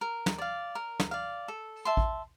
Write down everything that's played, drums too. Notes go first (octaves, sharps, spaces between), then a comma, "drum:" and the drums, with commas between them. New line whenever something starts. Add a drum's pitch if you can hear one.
A#4
drum: snare
D5 F5
A#4
drum: snare
D5 F5
A4
E5 A5 C6
drum: kick A1